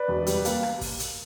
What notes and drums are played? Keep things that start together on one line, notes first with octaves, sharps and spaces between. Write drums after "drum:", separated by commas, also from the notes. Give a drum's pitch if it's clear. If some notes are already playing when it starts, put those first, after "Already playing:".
Already playing: B4 D5
E1
G3, drum: hi-hat
A#3, drum: hi-hat
drum: rim click
drum: kick, open hi-hat
drum: hi-hat